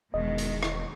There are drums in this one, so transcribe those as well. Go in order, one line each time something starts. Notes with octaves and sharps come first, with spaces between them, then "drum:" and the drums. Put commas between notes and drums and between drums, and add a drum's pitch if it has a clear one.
E1 B2 D#3 G#3 D#5
drum: hi-hat
drum: rim click